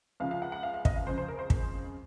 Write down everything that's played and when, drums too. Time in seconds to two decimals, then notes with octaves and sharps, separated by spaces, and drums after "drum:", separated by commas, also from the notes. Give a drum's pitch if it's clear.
0.20 C#2 C#3 F3 F5
0.31 F5
0.42 F#5
0.52 F#5
0.63 F5
0.74 F5
0.85 D#5, drum: kick
0.96 F5
1.07 F2 C#3 G#3 C5
1.18 C5
1.28 A#4
1.39 C5
1.50 drum: kick